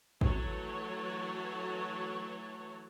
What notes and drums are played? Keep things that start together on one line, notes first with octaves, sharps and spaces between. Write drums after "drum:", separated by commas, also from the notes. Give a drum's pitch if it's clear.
E3 F#3 A3 F#4 A4 C#5, drum: kick